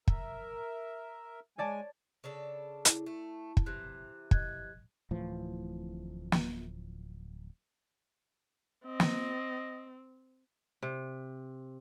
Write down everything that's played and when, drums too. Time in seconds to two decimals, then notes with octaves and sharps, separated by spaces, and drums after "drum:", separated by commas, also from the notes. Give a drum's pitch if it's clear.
0.08 A#4 E5, drum: kick
1.58 G#3 C#5 D5 G#5 A5
2.24 C#3 D4 A4
2.85 E4, drum: hi-hat
3.06 A3
3.57 drum: kick
3.66 C3 E3 F#6
4.31 D#5 F#6 G#6, drum: kick
5.11 D1 A2 E3 F3
6.32 drum: snare
8.85 C4 D#5
9.00 drum: snare
10.83 C3